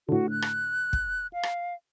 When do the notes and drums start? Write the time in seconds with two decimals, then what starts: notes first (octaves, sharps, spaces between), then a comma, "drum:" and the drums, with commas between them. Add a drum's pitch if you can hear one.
0.09 A2 D3 F#4
0.30 F#6
0.42 drum: rim click
0.93 drum: kick
1.33 F5
1.43 drum: rim click